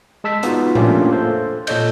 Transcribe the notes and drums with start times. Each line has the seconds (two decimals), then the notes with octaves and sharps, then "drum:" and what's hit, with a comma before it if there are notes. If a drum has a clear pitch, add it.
0.24 G#3 A5 E6 B6
0.43 G#3 B3 D#4 F4 F#4, drum: hi-hat
0.75 A3 A#3 C#4 D4 F4 G4, drum: tom A2
1.12 A4 C5
1.67 A#2 A4 C#5 D#5 G6, drum: cymbal